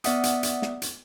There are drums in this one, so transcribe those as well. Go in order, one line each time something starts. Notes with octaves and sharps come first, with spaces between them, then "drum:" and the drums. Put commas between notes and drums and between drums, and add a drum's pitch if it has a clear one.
B3 D5 E5 F#5 D#6, drum: hi-hat
drum: hi-hat
drum: hi-hat
drum: snare
drum: hi-hat